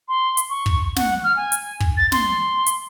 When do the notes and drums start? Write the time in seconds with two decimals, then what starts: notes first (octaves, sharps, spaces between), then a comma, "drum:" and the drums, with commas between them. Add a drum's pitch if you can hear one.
0.08 C6
0.37 drum: hi-hat
0.50 C#6
0.66 drum: kick
0.96 F#5, drum: snare
1.24 F6
1.36 G#5
1.52 drum: hi-hat
1.80 drum: kick
1.97 A6
2.12 C6, drum: snare
2.66 drum: hi-hat